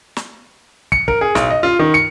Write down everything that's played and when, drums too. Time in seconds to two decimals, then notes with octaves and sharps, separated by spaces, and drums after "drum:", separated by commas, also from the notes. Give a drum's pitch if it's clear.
0.17 drum: snare
0.92 C#7, drum: kick
1.08 A#4, drum: kick
1.21 G#4
1.35 B1, drum: snare
1.51 D#5
1.63 F4
1.79 D#3
1.94 C#7